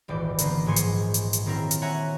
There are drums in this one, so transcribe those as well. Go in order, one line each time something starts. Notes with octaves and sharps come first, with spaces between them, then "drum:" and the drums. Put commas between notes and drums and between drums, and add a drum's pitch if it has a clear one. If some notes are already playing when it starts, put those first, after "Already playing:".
D#1 G#1 E3 D5 G6
D3 A#3 B3 D#4 C5, drum: hi-hat
A#1 G#2 F3 G#5 C6 C#7
drum: hi-hat
drum: hi-hat
drum: hi-hat
D#3 F#3 C4 E4 A4 A#4
drum: hi-hat
F#4 C#5 E5 F#5 G#5 A#5